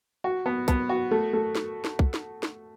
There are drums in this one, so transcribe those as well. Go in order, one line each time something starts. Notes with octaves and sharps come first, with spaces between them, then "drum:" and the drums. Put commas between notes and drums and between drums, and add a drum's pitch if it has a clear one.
F#4
B3
B3, drum: kick, hi-hat
F#4
A3
A3
drum: snare
drum: snare
drum: kick
drum: snare
drum: snare